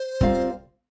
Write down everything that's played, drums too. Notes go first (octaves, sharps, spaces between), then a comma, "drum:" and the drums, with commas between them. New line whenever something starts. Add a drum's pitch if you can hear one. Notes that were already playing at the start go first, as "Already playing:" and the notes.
Already playing: C5
G3 C4 F4 A#4 F5, drum: kick